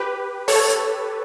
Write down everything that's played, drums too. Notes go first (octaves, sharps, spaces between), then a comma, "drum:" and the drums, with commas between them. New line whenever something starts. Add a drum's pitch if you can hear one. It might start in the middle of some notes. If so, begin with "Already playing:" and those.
Already playing: G4 B4
A4 C#5, drum: open hi-hat
drum: hi-hat